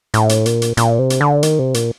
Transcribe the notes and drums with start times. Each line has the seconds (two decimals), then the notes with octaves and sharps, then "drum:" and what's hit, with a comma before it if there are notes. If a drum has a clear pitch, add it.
0.14 A2, drum: hi-hat
0.29 drum: hi-hat
0.46 A#2, drum: hi-hat
0.62 drum: hi-hat
0.77 A#2, drum: hi-hat
0.99 C3
1.10 drum: hi-hat
1.21 D3
1.43 D#3, drum: hi-hat
1.59 C3
1.74 A#2, drum: hi-hat